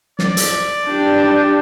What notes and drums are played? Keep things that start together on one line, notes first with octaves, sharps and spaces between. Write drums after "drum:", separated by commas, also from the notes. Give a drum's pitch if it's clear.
D5, drum: snare
drum: hi-hat
D4 G4